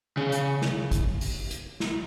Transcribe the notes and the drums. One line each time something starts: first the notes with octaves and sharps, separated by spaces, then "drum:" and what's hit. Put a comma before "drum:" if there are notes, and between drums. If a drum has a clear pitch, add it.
C#3
drum: hi-hat
drum: snare
drum: kick, hi-hat
drum: open hi-hat
drum: hi-hat
drum: snare